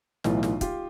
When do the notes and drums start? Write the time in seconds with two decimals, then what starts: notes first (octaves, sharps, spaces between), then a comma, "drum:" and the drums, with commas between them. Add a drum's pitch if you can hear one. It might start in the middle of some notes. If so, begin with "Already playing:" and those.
0.24 B1 A2 E3 D#4 F4, drum: snare
0.43 drum: snare
0.61 F4 G4, drum: kick, hi-hat